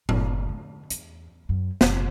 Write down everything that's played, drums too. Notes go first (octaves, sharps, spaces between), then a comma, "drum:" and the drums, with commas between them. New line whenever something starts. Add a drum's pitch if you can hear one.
F#1 D3, drum: tom A2
D3
E2, drum: hi-hat
F#2
F#1 B2, drum: snare